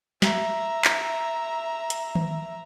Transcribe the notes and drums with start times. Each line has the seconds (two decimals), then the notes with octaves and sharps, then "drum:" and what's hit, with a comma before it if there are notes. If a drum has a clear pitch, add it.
0.22 E5 A#5, drum: snare
0.84 drum: clap
1.90 drum: hi-hat
2.15 drum: tom D#3